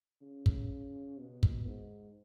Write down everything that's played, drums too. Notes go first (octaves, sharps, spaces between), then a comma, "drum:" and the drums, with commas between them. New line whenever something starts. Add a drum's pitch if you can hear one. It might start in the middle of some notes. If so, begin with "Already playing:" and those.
C#3
drum: kick
B2
drum: kick
G#2